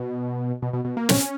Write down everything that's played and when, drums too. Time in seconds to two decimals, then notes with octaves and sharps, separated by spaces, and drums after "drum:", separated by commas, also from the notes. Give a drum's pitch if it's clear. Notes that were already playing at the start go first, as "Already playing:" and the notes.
Already playing: B2
0.62 B2
0.73 B2
0.85 B2
0.97 A#3
1.09 C#4, drum: snare